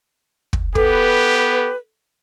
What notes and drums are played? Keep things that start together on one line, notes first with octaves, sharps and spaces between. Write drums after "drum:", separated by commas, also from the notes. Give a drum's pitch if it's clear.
drum: kick
B3 G4 A4 B4, drum: kick